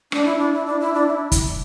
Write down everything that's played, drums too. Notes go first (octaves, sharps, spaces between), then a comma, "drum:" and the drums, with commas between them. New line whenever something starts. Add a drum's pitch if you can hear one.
D4, drum: rim click
E4
D4
E4
D4
E4
D4
E4
drum: kick, hi-hat